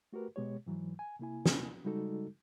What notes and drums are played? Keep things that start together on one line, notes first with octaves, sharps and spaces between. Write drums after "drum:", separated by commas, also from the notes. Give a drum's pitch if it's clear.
A3 F#4 G4 A#4 B4
B2 G#3 G4 C#5
G#2 E3 F#3
G#5
C3 A#3 E4 G#5
drum: snare
C#3 G3 G#3 D#4 F#4 A4